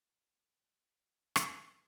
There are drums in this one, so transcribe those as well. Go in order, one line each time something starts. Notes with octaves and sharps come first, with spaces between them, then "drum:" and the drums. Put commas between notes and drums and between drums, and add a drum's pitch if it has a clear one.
G#3
A3
B3
C#4
drum: rim click